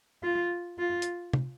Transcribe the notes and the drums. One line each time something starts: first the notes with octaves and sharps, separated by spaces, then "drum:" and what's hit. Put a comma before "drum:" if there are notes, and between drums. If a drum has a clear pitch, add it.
F4
F4
drum: hi-hat
drum: tom